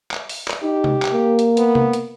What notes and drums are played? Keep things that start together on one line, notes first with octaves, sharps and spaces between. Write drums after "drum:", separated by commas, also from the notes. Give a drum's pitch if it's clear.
drum: clap
drum: open hi-hat
drum: clap
D#4 G4
drum: tom C3
drum: clap
A#3
drum: hi-hat
B3, drum: hi-hat
drum: tom C3
drum: hi-hat